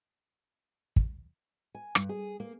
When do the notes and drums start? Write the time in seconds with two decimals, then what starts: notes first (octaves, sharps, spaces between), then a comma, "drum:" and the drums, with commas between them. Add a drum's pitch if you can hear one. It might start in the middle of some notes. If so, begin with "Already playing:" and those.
0.96 drum: kick
1.74 G#5
1.95 G2, drum: rim click
2.09 G#4
2.40 A#3